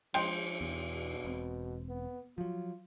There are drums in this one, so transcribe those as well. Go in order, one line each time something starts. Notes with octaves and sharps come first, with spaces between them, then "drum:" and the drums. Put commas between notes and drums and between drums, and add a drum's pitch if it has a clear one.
F3 G#3 G5 C6, drum: cymbal
E2 B2
E1 C4
B3
F3 F#3 F4